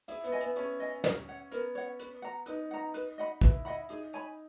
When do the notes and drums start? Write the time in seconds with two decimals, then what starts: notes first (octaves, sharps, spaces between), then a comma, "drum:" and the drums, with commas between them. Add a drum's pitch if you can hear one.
0.08 E4 G#4, drum: hi-hat
0.24 B3, drum: hi-hat
0.32 D#5 G#5
0.41 B3, drum: hi-hat
0.56 C#4 G#4, drum: hi-hat
0.80 D#5 G#5
1.04 A#4, drum: snare
1.28 C#5 F#5
1.51 B3 A#4, drum: hi-hat
1.75 C#5 F#5
1.99 B4, drum: hi-hat
2.22 F#5 A#5
2.46 D#4 B4, drum: hi-hat
2.71 F#5 A#5
2.94 B4, drum: hi-hat
3.18 D#5 F#5 B5
3.41 E4 B4, drum: kick, hi-hat
3.65 E4 D#5 F#5 B5
3.89 D#4 G#4, drum: hi-hat
4.13 C#5 G#5 B5